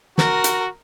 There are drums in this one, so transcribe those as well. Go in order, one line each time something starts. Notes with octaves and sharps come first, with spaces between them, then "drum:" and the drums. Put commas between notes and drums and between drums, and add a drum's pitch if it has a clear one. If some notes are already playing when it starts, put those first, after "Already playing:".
F#4 A#4, drum: snare
drum: hi-hat